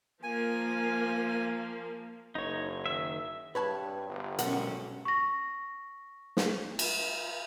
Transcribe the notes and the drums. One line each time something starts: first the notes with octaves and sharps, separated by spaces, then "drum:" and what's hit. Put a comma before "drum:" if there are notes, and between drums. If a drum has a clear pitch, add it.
F3 A#3 G#5
F#1 D#4 C#5
D#3 E5
G2 B4 C#5 A5
G1
B1 F#3 G#3 C#4 A#4 F#5, drum: hi-hat
C#6 A#6
drum: snare
drum: cymbal